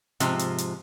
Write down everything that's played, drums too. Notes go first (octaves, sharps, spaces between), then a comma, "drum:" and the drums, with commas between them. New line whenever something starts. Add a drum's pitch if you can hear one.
G#2 C3 F3, drum: hi-hat
drum: hi-hat
drum: hi-hat